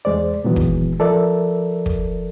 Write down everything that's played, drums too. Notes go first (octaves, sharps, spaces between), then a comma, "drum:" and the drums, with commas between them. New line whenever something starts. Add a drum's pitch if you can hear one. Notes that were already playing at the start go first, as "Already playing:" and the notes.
E2 G#3 C5 D5
A#2 D#3 E3 F#3 G#3 B3
drum: kick
F3 A4 A#4 D5 E5
drum: kick